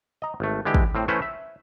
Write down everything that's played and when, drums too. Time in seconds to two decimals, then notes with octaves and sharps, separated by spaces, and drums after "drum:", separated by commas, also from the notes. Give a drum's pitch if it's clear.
0.22 D#5 A#5
0.40 G#1 A3
0.65 D3 E3 G#3 G4
0.74 drum: kick
0.95 A2 C4
1.08 E3 A3 C#4 E4 B4 C5
1.22 E5